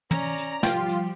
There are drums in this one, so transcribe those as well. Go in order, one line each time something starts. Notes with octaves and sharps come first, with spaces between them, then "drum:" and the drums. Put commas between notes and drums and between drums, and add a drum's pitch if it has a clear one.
C#4 D5 A#5, drum: tom
drum: hi-hat
F3 G3 F4 G4 G5, drum: snare
drum: hi-hat